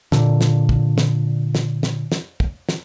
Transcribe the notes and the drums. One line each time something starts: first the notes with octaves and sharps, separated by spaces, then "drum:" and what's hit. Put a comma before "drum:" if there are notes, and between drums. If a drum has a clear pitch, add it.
A#2 D3, drum: snare
drum: snare
drum: kick
drum: snare
drum: snare
drum: snare
drum: snare
drum: kick
drum: snare